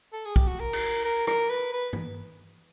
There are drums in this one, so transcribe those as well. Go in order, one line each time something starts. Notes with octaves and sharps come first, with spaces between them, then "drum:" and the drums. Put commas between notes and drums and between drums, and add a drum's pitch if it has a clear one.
A4
G#4
G4, drum: kick
F#4
A#4
drum: cymbal
A#4
A#4, drum: rim click
B4
B4
drum: tom